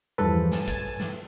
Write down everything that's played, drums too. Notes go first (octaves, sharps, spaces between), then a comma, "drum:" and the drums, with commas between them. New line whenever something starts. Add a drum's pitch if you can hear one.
E2 G2 E3 F3 A4 B4
G#5 A6 E7, drum: snare
drum: kick, hi-hat
drum: snare